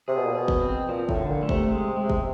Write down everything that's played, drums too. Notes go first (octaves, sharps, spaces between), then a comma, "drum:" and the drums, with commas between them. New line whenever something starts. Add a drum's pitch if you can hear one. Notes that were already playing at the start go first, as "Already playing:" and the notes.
C3 G#4
B2
A#2
B2 G#4
drum: kick
C4
A#2 F3
A2, drum: kick
D3
A#2
A3
C3, drum: kick
G#3
G#3
drum: kick